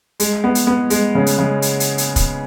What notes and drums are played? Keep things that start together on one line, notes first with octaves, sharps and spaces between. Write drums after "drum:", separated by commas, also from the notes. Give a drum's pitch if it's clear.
G#3, drum: hi-hat
B3
drum: hi-hat
B3
G#3, drum: hi-hat
C#3
drum: hi-hat
C#3
drum: hi-hat
drum: hi-hat
drum: hi-hat
drum: kick, hi-hat